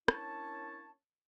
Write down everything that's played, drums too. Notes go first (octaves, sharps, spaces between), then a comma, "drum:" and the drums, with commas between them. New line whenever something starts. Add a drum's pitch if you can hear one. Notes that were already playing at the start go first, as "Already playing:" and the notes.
A#3 C#4 D4 E4 C#5 A5, drum: rim click